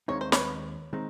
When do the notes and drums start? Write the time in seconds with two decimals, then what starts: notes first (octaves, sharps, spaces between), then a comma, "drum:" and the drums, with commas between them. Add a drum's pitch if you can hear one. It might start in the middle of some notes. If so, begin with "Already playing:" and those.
0.08 D#2 D#3 G#3 C4 D#4 C#5
0.21 C5
0.32 B4 C#5, drum: snare
0.93 D#3 G#3 C4 D#4